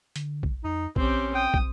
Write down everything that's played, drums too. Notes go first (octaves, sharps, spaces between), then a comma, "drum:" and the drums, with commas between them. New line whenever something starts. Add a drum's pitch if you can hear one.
D3, drum: hi-hat
drum: kick
F2 D#4
A#1 C4 C#4 G4, drum: kick
G5 D#6
drum: kick